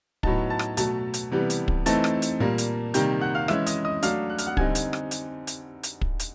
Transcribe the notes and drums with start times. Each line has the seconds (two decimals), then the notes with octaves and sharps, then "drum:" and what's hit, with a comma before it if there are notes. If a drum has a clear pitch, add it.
0.23 A2 F#3 B3 D#4 A5 A6, drum: kick
0.50 A5 A6
0.59 drum: rim click
0.77 B2 F#3 A3 A5 A6, drum: hi-hat
1.14 drum: hi-hat
1.31 C3 E3 G3 B3
1.50 drum: hi-hat
1.68 drum: kick
1.86 E3 A3 C4 D#4 A5 A6, drum: hi-hat
2.04 drum: rim click
2.22 drum: hi-hat
2.40 A#2 G3 A#3
2.58 drum: hi-hat
2.94 C3 D#3 G3 A#3 G5 G6, drum: hi-hat
3.21 F#5 F#6
3.35 F5 F6
3.48 E3 G#3 C#4 E5 E6, drum: rim click
3.66 D#5 D#6, drum: hi-hat
3.85 D#5 D#6
4.02 F#3 A3 D4 F5 F6, drum: hi-hat
4.30 F#6
4.38 F6, drum: hi-hat
4.47 F#5 F#6
4.57 D3 G3 C4 D#4 G#5 G#6, drum: kick
4.75 drum: hi-hat
4.93 drum: rim click
5.11 drum: hi-hat
5.47 drum: hi-hat
5.83 drum: hi-hat
6.01 drum: kick
6.19 drum: hi-hat